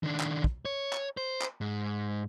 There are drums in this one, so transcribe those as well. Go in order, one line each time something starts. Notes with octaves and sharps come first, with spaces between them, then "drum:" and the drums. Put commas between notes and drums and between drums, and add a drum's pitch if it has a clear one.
D#3 D4
drum: clap
drum: kick
C#5
drum: clap
C5
drum: clap
G#2